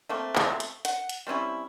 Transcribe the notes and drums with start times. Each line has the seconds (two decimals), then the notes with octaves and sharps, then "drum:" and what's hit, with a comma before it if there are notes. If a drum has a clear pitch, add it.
0.09 A3 A#3 C4
0.36 drum: clap
0.60 drum: hi-hat
0.85 F#5, drum: hi-hat
1.09 drum: hi-hat
1.27 G3 C4 C#4 E4